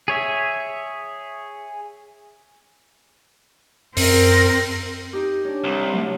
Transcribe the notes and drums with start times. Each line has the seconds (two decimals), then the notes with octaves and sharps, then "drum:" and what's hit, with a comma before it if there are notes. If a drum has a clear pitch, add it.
0.08 G#4 C#5 E5
3.97 F#2 C4 A#4, drum: open hi-hat
5.13 D#4 G4
5.44 C#4 D4
5.64 C2
5.92 F#3 A3